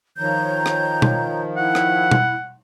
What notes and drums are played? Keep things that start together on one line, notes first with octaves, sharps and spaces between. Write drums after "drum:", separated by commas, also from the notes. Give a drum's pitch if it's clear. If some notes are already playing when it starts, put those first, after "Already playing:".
D#3 F3 C#5 A#5 G6
drum: rim click
drum: tom B2
E4 F#5
drum: rim click
drum: tom B2